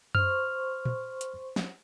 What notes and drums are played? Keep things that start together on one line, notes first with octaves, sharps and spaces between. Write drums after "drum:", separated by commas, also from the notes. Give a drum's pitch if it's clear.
C5 C6 C#6 F6, drum: tom F#2
drum: tom A#2
drum: hi-hat
drum: snare